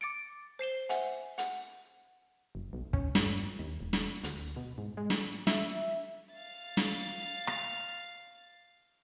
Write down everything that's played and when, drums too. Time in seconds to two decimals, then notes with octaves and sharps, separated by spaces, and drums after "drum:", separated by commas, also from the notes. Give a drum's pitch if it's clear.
0.01 D6 A6 C#7 D7
0.59 C5 C7 E7 G7
0.89 C5 E5 F#5 G#5, drum: hi-hat
1.38 F#5, drum: hi-hat
2.55 F#1
2.73 B1
2.93 C#4, drum: kick
3.15 G2, drum: snare
3.59 D#2
3.80 E1
3.93 drum: snare
4.24 D2, drum: hi-hat
4.56 B2
4.78 G#2
4.97 G#3
5.10 drum: snare
5.47 E5, drum: snare
6.33 F5 A6
6.77 drum: snare
7.47 drum: rim click